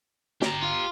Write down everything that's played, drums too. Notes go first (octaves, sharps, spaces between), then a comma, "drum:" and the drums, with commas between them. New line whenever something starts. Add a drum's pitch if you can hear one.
G4 A#5, drum: snare
F4